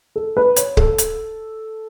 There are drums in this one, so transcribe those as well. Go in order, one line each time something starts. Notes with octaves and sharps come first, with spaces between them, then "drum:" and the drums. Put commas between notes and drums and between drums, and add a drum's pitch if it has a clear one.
A4
B4
C#5, drum: hi-hat
A4, drum: kick C#1
drum: hi-hat